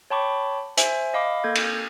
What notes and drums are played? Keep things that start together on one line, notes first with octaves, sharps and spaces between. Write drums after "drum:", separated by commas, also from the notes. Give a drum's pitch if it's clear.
C#5 G5 A5 B5 C#6 D6
C5 E5 G#5, drum: hi-hat
D#5 F5 B5 D6
A#3 A4 G6 G#6
drum: cymbal